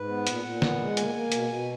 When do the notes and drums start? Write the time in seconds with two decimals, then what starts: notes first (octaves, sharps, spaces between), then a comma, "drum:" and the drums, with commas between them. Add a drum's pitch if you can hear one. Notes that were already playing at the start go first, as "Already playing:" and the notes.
Already playing: G#2 B4
0.09 B3
0.27 A#2 F#5, drum: hi-hat
0.44 A#2
0.62 B3, drum: snare
0.80 G#3
0.97 A#3 G#5, drum: hi-hat
1.15 A#3
1.32 B2, drum: hi-hat
1.50 B2